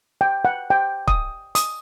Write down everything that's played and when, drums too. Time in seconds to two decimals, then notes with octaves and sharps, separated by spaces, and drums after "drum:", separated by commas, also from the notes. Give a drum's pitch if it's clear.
0.21 G5
0.45 F#5
0.70 G5
1.08 D#6, drum: kick
1.55 D#6, drum: hi-hat